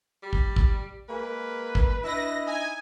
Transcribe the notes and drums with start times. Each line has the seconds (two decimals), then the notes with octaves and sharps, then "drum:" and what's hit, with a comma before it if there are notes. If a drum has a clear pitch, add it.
0.23 G3
0.33 drum: kick
0.56 drum: kick
1.09 G#3 A#3 B4
1.75 drum: kick
2.05 D4 E4 D#5 A#6
2.46 D#4 G#5